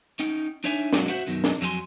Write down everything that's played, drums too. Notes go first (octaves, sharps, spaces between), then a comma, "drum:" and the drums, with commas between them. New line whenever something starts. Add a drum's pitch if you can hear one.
C#4 D#4 G5
D4 D#4 C#5 E5 G#5
G2 B2 F#3 G#3 A#3 F#4, drum: snare
F#4 C5 E5 F#5
F#2 B2 D#3
drum: snare
F2 F#3 D4 A4 G#5 C6